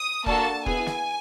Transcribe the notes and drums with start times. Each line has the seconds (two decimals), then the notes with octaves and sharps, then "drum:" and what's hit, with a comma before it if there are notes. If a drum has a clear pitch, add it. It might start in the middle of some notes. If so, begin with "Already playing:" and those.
Already playing: D#6
0.26 A#3 D4 F#4 A4 A5, drum: kick E1
0.66 B3 E4 G#4 G#5, drum: kick E1
0.86 drum: snare